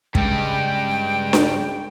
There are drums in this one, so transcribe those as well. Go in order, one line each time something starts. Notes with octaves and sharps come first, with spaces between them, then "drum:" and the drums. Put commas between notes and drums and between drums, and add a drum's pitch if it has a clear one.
G2 C#3 G3 G#3 G5, drum: kick
drum: snare D4